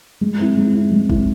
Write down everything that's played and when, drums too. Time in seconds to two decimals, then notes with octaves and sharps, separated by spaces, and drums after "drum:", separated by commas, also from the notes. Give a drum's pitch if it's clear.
0.21 G#3
0.39 C4 E4
0.57 G#3
0.74 C4 E4
0.91 G#3
1.10 C4 E4, drum: kick